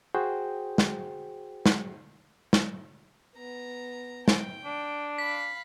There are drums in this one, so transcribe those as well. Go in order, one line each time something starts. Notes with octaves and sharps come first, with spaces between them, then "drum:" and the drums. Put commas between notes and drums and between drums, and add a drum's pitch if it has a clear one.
F#4 G#4 C5 G5
drum: snare
drum: snare
drum: snare
B3 A#5
G5, drum: snare
D4
F5 B5 B6